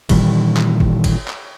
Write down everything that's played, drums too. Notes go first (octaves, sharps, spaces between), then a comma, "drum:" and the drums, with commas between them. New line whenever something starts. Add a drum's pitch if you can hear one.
A#2 D#3 E3 G3, drum: kick G#1, cymbal
drum: clap
drum: kick G#1
drum: kick G#1, cymbal
drum: clap